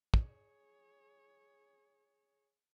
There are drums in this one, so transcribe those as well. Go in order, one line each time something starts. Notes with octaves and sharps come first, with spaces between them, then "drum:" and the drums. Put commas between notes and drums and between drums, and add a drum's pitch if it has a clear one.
G#4 C#5, drum: kick